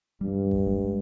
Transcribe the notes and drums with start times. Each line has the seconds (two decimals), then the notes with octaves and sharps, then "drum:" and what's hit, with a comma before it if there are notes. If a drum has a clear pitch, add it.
0.21 G2 G3
0.51 drum: kick F#1
0.67 G#3